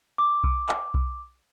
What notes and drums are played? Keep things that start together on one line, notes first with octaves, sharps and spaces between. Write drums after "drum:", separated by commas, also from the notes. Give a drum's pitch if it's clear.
D6
drum: kick B1
drum: clap
drum: kick B1